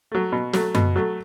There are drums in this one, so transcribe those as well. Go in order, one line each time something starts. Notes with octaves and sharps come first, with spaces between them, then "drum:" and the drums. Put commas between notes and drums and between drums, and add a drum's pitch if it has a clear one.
F#3 A3
B2
F#3 A3, drum: snare
B2, drum: tom F#2
F#3 A3